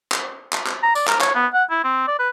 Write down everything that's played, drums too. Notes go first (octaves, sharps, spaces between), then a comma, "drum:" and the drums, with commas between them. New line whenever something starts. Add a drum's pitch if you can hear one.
drum: clap
drum: clap
drum: clap
A#5
D5, drum: tambourine
A#4, drum: clap
C#5, drum: clap
B3
F#5
E4
C4
D5
B4